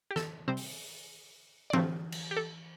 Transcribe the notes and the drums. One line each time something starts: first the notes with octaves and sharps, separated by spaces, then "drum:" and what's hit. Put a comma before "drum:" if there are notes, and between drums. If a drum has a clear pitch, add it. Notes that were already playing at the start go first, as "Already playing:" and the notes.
G4
A4, drum: snare
C3 G3 C4 C5
drum: open hi-hat
D5
A2 F3 A3 C4 C5, drum: tom E3
drum: cymbal
G4
A4